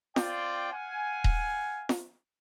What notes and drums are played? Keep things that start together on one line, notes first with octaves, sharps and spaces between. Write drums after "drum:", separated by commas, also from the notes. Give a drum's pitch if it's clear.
C4 F4 D5 G5, drum: snare
F5 F#5 G#5
drum: kick D#1
drum: snare